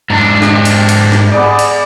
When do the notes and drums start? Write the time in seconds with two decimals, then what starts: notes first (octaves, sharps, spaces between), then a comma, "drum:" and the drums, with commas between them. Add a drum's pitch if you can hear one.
0.10 G#2 D4 A5
0.42 G4, drum: snare
0.65 drum: cymbal
0.89 drum: cymbal
1.12 drum: snare
1.31 B3 G#4 D5
1.59 drum: cymbal